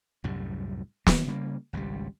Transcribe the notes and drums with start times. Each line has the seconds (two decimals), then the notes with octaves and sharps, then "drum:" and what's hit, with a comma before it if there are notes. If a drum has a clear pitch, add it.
0.24 C2 F#2 A2 G3
1.07 D#3 E3 A#3, drum: snare
1.27 C#3 G3 A#3
1.73 G#1 C#2 C3 G3